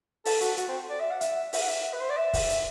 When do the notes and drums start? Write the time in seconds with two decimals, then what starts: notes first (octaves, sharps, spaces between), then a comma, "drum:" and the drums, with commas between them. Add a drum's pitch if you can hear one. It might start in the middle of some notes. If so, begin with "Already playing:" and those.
0.25 A4, drum: open hi-hat
0.40 F#4, drum: hi-hat
0.57 F#4, drum: hi-hat
0.68 C4
0.90 D5
1.00 E5
1.11 F#5
1.21 E5, drum: hi-hat
1.53 E5, drum: open hi-hat
1.61 F#5
1.68 E5
1.93 B4
2.01 C5
2.10 D5
2.17 E5
2.33 drum: kick, open hi-hat
2.50 drum: hi-hat